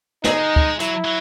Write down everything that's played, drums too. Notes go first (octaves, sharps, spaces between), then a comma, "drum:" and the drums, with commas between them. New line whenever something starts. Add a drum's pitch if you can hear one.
G#3 D#4, drum: snare
drum: kick
F#3 E4, drum: hi-hat
F#3